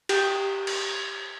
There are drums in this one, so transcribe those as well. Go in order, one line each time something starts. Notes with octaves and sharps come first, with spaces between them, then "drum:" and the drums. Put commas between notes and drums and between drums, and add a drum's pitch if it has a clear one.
G4, drum: cymbal
drum: cymbal